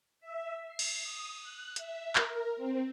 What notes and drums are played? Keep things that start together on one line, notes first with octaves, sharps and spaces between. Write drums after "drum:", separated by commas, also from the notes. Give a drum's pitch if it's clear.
E5
C7
drum: cymbal
D#6
F#6
E5, drum: hi-hat
A#4, drum: clap
C4